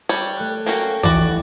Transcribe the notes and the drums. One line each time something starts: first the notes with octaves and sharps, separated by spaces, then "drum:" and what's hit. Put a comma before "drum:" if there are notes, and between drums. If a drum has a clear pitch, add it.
G3 C#5
A3 F#6, drum: hi-hat
A#3 C#4 F#4 F5 G5
F1 E3 F#4 D5 A6, drum: kick, hi-hat